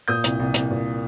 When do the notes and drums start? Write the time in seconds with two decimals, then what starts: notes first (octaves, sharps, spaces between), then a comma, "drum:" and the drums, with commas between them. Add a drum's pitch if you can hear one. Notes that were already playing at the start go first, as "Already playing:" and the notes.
0.08 A#2 D#6 G6
0.24 C2, drum: hi-hat
0.40 C2
0.54 C2, drum: hi-hat
0.71 A#2